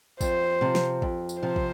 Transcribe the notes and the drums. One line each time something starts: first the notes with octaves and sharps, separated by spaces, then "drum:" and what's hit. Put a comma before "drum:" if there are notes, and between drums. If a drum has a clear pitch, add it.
F2 C5, drum: kick, tambourine
C3 F3
drum: snare
F2, drum: kick
drum: tambourine
C3 F3 C5
drum: kick